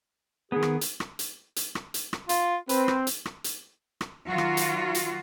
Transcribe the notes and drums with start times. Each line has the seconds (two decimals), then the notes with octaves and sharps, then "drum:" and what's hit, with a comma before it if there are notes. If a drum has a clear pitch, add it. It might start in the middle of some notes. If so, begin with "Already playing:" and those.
0.52 D#3 B3 G#4
0.62 drum: rim click
0.81 drum: hi-hat
1.00 drum: rim click
1.19 drum: hi-hat
1.56 drum: hi-hat
1.75 drum: rim click
1.94 drum: hi-hat
2.13 drum: rim click
2.29 F4, drum: hi-hat
2.69 C4 B4, drum: hi-hat
2.88 drum: rim click
3.07 drum: hi-hat
3.25 drum: rim click
3.44 drum: hi-hat
4.01 drum: rim click
4.27 D#3 F#3 F4 F#4
4.38 drum: rim click
4.57 drum: hi-hat
4.95 drum: hi-hat